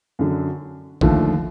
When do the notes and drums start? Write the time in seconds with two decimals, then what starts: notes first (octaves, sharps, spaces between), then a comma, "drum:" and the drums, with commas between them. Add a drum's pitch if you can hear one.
0.19 F#2 D3 F#3
1.01 D#2 D3 F3 A3, drum: kick